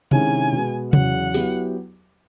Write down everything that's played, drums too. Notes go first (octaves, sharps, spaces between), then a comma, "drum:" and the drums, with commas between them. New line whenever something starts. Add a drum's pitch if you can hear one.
C3 D#3 G#3 C#4 E4 G#5, drum: tom C3
B2 G#3 B3
E2 C#3 F#3 F#5, drum: tom C3
F#3 B3 E4 G4, drum: open hi-hat